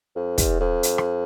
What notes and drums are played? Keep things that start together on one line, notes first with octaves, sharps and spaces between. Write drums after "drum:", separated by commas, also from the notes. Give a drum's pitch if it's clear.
F2
E2, drum: kick, hi-hat
F2
drum: hi-hat
drum: rim click